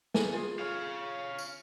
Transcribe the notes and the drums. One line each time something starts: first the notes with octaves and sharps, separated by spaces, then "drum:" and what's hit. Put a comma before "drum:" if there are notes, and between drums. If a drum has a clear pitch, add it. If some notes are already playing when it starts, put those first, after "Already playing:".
G#5, drum: snare
F4 G#4
C#5 F5
drum: tambourine